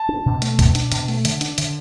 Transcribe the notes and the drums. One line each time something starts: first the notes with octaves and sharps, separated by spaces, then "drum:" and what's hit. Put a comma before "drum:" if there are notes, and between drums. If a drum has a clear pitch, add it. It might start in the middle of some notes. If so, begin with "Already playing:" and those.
Already playing: A5
D4
B2
A3, drum: hi-hat
B2, drum: kick, hi-hat
D4, drum: hi-hat
B2, drum: hi-hat
A3, drum: open hi-hat
D3, drum: hi-hat
D4, drum: hi-hat
D3, drum: hi-hat